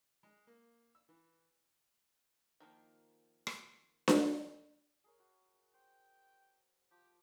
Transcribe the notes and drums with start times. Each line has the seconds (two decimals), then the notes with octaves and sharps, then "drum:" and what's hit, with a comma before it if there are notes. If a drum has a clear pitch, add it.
0.23 G#3
0.47 A#3
0.95 E6
1.09 E3
2.60 D#3 F3 G3 A#3
3.47 drum: rim click
4.08 drum: snare D4
5.04 G#4 A#4 C#5
5.20 F#4
5.74 C5 G5
6.91 F3 G4